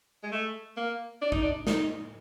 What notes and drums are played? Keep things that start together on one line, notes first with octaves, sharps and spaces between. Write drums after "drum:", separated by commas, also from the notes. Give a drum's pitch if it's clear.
G#3
A3
A#3
D4
D#4, drum: kick A#1
D4
D#4, drum: snare